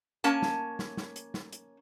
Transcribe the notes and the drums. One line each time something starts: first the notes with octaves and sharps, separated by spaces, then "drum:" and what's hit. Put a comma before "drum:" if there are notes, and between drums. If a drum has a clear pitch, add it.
A#3 C#4 A5, drum: hi-hat
drum: snare
drum: snare
drum: snare
drum: hi-hat
drum: snare
drum: hi-hat